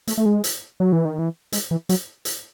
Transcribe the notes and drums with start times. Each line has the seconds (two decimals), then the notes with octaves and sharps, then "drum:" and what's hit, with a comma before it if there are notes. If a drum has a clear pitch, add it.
0.07 A3, drum: hi-hat
0.18 A3
0.26 G#3
0.44 drum: hi-hat
0.80 F#3
0.92 E3
1.05 D#3
1.19 E3
1.52 G#3, drum: hi-hat
1.71 E3
1.89 F#3, drum: hi-hat
2.25 drum: hi-hat